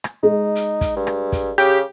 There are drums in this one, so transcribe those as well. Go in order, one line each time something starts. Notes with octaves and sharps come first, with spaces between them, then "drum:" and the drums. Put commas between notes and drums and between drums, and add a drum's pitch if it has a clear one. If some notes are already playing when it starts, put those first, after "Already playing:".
drum: rim click
G#3 D#4
drum: hi-hat
drum: kick, hi-hat
G2
drum: rim click
drum: kick, hi-hat
C#3 G4, drum: hi-hat